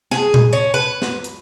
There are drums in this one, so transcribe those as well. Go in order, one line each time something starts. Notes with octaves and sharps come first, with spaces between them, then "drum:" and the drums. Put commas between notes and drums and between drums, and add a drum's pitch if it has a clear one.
G#4, drum: snare
drum: tom A#2
C#4
B4
drum: snare
drum: hi-hat